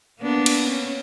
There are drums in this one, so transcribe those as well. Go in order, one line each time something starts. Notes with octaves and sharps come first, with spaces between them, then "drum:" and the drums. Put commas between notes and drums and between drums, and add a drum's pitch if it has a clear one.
A#3 B3 D4
drum: cymbal
C#4